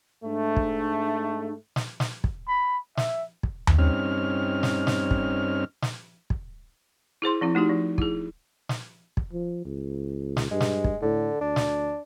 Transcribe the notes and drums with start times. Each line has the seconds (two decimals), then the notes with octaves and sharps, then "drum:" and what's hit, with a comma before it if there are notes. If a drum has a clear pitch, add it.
0.24 G#2 A3 D4
0.56 drum: kick
1.76 drum: snare
2.00 drum: snare
2.24 drum: kick
2.48 B5
2.97 E5, drum: snare
3.43 drum: kick
3.67 drum: tom D#2
3.79 G2 C4 C#4 D#4 F6
4.63 drum: snare
4.87 drum: snare
5.11 drum: kick
5.82 drum: snare
6.30 drum: kick
7.22 E4 G#4 C5 C6
7.41 F3 C4 E4
7.55 A3 D#4 F#4 G4
7.69 F3
7.98 E4 G#4, drum: kick
8.69 drum: snare
9.17 drum: kick
9.33 F3
9.65 C#2
10.37 drum: snare
10.51 G2 G#3
10.60 drum: snare
10.84 drum: kick
11.02 A2 D3
11.41 D2 D4
11.56 drum: snare